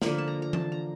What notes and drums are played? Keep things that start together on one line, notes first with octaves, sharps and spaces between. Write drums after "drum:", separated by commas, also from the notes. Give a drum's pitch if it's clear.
D3 F3 A#3 B5, drum: snare
A5
A#5
A#5
A5, drum: tom E3
A#5